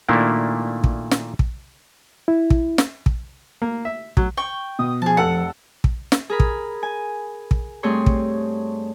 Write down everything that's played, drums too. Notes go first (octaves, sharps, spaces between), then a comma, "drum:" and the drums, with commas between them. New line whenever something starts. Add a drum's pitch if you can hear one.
A#2 D#3 A3 A#3 D4 E4
drum: kick
drum: snare
drum: kick
E4
drum: kick
drum: snare
drum: kick
A#3
E5
F#3, drum: kick
G5 C#6
B2 D#6
F3 G#4 A5
F1 A4 F#5 C#7
drum: kick
drum: snare
G#4 A#4 B5
drum: kick
G#5
drum: kick
G2 A3 C4 G#4 C#5 C6
drum: kick